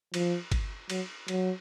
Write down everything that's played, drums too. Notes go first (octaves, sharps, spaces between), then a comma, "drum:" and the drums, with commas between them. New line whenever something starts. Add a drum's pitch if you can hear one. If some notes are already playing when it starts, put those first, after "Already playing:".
F3, drum: cymbal
drum: kick, cymbal
F#3, drum: cymbal
F#3, drum: cymbal